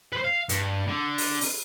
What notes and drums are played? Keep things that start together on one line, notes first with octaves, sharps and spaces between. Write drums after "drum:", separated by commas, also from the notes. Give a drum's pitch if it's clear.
B4 C5
F5
G2, drum: hi-hat
D3
drum: open hi-hat
drum: open hi-hat